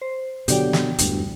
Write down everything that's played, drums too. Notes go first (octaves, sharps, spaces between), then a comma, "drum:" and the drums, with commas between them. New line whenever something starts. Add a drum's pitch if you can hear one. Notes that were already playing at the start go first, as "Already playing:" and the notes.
C5
B2 D3 F#3 G4 D5 G5, drum: hi-hat
drum: snare
E1 D2 G2, drum: hi-hat